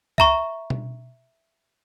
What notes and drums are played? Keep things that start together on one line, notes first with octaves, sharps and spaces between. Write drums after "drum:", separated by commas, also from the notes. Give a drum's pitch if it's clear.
E5 A#5 C#6, drum: kick C#2
drum: tom B2